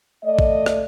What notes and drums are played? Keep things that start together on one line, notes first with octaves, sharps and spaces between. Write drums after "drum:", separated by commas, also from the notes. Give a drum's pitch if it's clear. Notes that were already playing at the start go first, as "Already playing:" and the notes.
A3 D5 D#5
drum: kick
drum: rim click